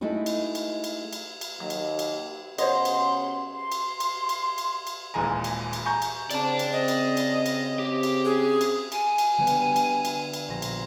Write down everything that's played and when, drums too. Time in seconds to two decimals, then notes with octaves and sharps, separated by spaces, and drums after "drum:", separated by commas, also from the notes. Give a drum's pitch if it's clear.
0.01 G#3 A3 D#4 E4 F#4
0.26 drum: cymbal
0.55 drum: cymbal
0.84 drum: cymbal
1.13 drum: cymbal
1.41 drum: cymbal
1.60 D#2 F#3
1.70 drum: cymbal
1.99 drum: cymbal
2.58 C#3 B3 C5 C#5 D#5 C6, drum: cymbal
2.85 drum: cymbal
3.54 C6
3.72 drum: cymbal
4.00 drum: cymbal
4.29 drum: cymbal
4.58 drum: cymbal
4.87 drum: cymbal
5.14 D#1 A#2 E3 G#3 G#5 A#5
5.44 drum: cymbal
5.73 drum: cymbal
5.86 G#5 A#5 C#6 G6
6.02 drum: cymbal
6.31 C#3 C4 D5 A5, drum: cymbal
6.59 drum: cymbal
6.73 D#5
6.88 drum: cymbal
7.17 drum: cymbal
7.46 drum: cymbal
7.79 G4
8.03 drum: cymbal
8.25 G#4
8.61 drum: cymbal
8.92 G#5, drum: cymbal
9.18 drum: cymbal
9.37 D3 G3 B3
9.47 drum: cymbal
9.76 drum: cymbal
10.05 drum: cymbal
10.33 drum: cymbal
10.48 A#1 C6 A#6
10.62 drum: cymbal